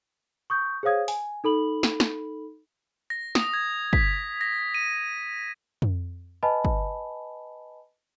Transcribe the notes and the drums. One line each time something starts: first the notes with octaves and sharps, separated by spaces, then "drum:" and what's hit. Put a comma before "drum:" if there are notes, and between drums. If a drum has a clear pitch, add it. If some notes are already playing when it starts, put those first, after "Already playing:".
C#6 D#6 G6
G#4 C5 C#5 F5 D#6 G#6
G#5, drum: open hi-hat
D#4 A4 B5 F#7
drum: snare
drum: snare
A#6
D#6, drum: snare
G#6
B6, drum: kick
A#6
D#7
drum: tom F2
B4 D#5 G#5 A5 B5
drum: kick